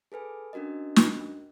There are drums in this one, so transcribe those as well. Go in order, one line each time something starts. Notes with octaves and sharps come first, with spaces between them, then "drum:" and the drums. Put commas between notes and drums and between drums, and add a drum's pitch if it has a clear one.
G#4 A4 B4 G#5
C#4 D4 F#4 A#4 D#5
drum: snare